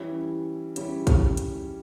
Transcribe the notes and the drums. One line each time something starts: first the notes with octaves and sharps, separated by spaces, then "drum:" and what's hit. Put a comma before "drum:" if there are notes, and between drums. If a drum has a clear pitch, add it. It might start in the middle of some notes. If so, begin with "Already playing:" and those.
Already playing: E3 G3 C#4
E3 G3 C#4, drum: hi-hat
drum: kick A#1, hi-hat
drum: hi-hat